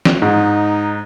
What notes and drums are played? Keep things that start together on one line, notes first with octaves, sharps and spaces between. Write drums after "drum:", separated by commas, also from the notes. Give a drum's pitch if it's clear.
drum: snare
G#2 D#4